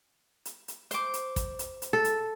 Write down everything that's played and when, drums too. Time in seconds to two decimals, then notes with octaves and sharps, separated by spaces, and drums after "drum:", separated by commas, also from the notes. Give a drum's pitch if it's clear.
0.45 drum: hi-hat
0.68 drum: hi-hat
0.91 C5 D6, drum: hi-hat
1.14 drum: hi-hat
1.36 drum: kick, hi-hat
1.59 drum: hi-hat
1.82 drum: hi-hat
1.93 A4
2.05 drum: hi-hat